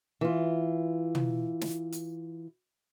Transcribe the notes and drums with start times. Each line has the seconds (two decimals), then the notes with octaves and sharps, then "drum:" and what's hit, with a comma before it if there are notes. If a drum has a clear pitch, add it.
0.21 E3 F4
1.15 drum: tom
1.61 drum: snare
1.92 drum: hi-hat